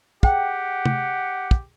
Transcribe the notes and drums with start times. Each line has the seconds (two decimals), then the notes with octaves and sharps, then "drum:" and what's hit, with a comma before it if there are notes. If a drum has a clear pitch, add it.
0.23 G4 G#4 F#5 G5, drum: kick
0.85 drum: tom C3
1.51 drum: kick